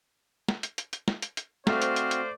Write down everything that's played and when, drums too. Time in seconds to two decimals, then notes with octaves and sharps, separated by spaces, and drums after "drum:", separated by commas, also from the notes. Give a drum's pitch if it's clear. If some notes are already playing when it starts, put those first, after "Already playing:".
0.48 drum: snare
0.63 drum: hi-hat
0.78 drum: hi-hat
0.93 drum: hi-hat
1.08 drum: snare
1.22 drum: hi-hat
1.37 drum: hi-hat
1.67 A3 C4 F#4 C5 D5 F5, drum: snare
1.82 drum: hi-hat
1.96 drum: hi-hat
2.11 drum: hi-hat